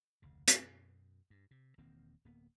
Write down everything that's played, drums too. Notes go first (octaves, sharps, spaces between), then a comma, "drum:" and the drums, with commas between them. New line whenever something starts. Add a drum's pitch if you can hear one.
F1 D2 C#3
F#2 B2, drum: hi-hat
G2
C3
E1 D#3 A#3 C4
D1 A#3 B3